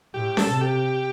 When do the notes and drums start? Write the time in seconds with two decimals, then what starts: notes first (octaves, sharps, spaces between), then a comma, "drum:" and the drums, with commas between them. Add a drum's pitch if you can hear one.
0.14 A2 G4
0.37 A4, drum: snare C#4
0.50 C3
0.61 G4